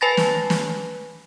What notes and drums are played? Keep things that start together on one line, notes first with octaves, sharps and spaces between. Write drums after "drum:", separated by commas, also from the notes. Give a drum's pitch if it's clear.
B4 G#5 A5 B5 A6 A#6
drum: snare
drum: snare